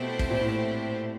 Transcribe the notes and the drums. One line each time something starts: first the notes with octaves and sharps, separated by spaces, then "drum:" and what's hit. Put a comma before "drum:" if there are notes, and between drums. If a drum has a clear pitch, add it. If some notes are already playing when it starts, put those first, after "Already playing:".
Already playing: B2 A3 C4 E4 G4 C5
drum: kick
A#2
A2